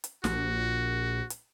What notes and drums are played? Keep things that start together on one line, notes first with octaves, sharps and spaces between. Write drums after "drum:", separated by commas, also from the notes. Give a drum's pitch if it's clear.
drum: hi-hat
A#1 F#4, drum: snare
drum: hi-hat